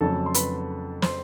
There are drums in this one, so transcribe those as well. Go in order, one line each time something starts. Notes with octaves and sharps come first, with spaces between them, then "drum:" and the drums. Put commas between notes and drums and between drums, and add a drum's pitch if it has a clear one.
F2 C#3 F#3 A3 A4 A5
C6
B4 B5, drum: hi-hat
C5 C6, drum: snare